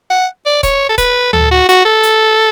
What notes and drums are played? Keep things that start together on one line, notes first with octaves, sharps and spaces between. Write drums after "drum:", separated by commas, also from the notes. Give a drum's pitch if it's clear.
F#5
D5
C#5, drum: kick D#1, hi-hat
A4
B4, drum: kick D#1, hi-hat
A4, drum: tom D2
F#4
F#4, drum: hi-hat
A4
drum: hi-hat